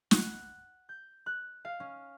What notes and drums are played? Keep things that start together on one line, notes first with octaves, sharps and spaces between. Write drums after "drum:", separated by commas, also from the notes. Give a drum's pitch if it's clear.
F#5, drum: snare
G6
F#6
F5
C#4